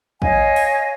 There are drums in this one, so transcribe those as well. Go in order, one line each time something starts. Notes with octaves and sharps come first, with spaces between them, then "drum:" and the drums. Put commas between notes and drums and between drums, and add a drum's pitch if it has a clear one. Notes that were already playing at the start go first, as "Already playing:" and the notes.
C#5 D#5 F5 G#5, drum: kick
drum: open hi-hat